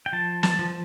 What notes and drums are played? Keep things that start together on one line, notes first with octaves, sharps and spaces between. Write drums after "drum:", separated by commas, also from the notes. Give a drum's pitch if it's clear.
G5
F3 A5
A5, drum: snare
F3